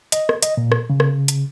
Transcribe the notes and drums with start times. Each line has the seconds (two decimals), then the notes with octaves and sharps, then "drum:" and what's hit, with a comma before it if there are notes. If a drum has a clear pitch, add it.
0.12 D#5, drum: hi-hat
0.29 drum: rim click
0.42 D#5, drum: hi-hat
0.57 A#2
0.72 drum: rim click
0.90 C#3
1.00 drum: rim click
1.28 drum: hi-hat